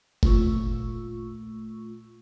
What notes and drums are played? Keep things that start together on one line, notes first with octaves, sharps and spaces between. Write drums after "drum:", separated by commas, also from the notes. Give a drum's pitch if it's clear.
A#2 A3 F4 C#6 E6, drum: kick F#1